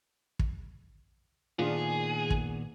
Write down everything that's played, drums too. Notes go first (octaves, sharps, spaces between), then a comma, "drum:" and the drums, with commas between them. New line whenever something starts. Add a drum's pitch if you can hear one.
drum: kick
A#2 D#3 B3 D4 F4 G#4
drum: kick